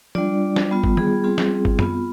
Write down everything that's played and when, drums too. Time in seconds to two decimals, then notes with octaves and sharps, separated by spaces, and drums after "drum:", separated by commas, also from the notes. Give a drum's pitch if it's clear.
0.15 G3 D4 F4 D5, drum: tom
0.56 drum: snare
0.71 G3 B3 F4
0.84 drum: kick G1
0.97 G#4, drum: tom
1.24 G3 C4 F4 G#4
1.38 drum: snare
1.65 drum: kick G1
1.79 B3 F4, drum: tom